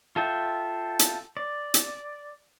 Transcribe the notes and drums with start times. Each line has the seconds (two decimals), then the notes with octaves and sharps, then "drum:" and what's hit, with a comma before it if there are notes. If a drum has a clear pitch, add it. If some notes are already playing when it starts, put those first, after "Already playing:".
0.16 F4 A4 E5 G5
0.99 drum: hi-hat
1.37 D5
1.74 drum: hi-hat